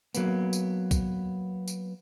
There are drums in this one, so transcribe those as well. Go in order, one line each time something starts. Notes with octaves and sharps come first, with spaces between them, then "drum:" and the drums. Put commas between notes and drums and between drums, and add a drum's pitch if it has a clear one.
F#3 A#3 B3, drum: tambourine
drum: tambourine
drum: kick, tambourine
drum: tambourine